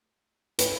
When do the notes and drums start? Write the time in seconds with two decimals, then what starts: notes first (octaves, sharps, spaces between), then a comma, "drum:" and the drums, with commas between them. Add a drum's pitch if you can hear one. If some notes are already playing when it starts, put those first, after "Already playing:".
0.59 B4, drum: hi-hat